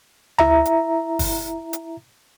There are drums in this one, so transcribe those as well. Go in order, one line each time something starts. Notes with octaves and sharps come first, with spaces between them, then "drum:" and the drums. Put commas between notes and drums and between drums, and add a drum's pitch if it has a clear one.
E4 E5 A#5, drum: tom D2
drum: hi-hat
drum: kick, open hi-hat
drum: hi-hat